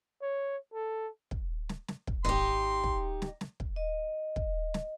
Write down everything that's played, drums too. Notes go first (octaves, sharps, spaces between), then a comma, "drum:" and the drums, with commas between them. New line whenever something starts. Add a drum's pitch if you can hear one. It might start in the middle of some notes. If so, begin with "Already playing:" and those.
C#5
A4
drum: kick
drum: snare
drum: snare
drum: kick
G#1 D#4 G4 C6
drum: kick
drum: snare
drum: snare
drum: kick
D#5
drum: kick
drum: snare